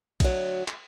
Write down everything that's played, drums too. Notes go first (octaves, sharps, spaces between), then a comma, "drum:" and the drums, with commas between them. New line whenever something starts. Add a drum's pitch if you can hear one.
D2 F#3, drum: kick A#1, cymbal
drum: clap